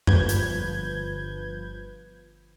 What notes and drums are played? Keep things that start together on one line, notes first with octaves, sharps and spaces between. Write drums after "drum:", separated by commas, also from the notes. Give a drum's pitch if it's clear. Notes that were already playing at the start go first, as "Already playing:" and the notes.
G1 F3 B4 G6 G#6, drum: tom F#2
drum: hi-hat